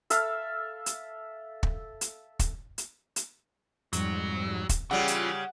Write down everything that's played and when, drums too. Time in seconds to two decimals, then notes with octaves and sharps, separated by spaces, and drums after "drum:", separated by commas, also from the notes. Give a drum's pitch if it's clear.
0.10 A4 E5 F5 E6, drum: hi-hat
0.86 drum: hi-hat
1.63 drum: kick
2.01 drum: hi-hat
2.39 drum: kick, hi-hat
2.78 drum: hi-hat
3.16 drum: hi-hat
3.93 F2 G#2 F#3 G3, drum: hi-hat
4.69 drum: kick, hi-hat
4.91 C#3 E3 G3 C#4 F4 F#5
5.08 drum: hi-hat